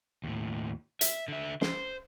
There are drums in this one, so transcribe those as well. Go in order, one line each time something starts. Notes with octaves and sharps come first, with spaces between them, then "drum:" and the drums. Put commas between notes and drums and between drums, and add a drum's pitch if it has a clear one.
D#2 A2
E5, drum: hi-hat
D3 E5
C5, drum: snare